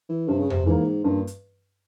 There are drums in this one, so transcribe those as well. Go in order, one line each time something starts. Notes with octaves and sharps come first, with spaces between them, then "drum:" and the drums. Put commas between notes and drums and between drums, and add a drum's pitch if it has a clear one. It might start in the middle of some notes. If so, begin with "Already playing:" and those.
E3
G2 C3
C#3
C3, drum: tom F2
G#2 E3 A#3
G2 A#2
drum: hi-hat